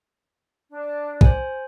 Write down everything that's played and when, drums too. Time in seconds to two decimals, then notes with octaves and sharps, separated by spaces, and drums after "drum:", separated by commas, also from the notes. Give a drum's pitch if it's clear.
0.70 D4
1.21 C5 G#5, drum: kick